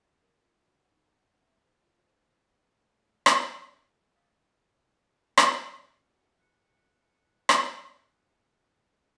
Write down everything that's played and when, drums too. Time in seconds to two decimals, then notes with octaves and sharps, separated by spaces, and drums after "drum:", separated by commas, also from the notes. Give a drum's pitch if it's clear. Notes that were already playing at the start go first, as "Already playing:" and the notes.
0.21 A#4
0.39 F4
0.62 F#4
0.76 F#5
0.90 D#4
1.11 F#5
1.39 E5
1.62 C5
1.74 F4
2.04 C5
2.18 C5
2.67 G#3 A3 G5 F6
3.26 drum: rim click
4.14 D5 F5 D#6 A6 B6
5.37 drum: rim click
5.59 B4
5.78 B3
6.00 C#4
6.13 F#4
6.38 F#6 C#7
7.49 drum: rim click